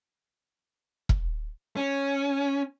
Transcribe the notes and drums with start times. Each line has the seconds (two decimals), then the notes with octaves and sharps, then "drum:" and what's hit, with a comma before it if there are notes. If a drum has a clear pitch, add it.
1.09 drum: kick E1
1.77 C#4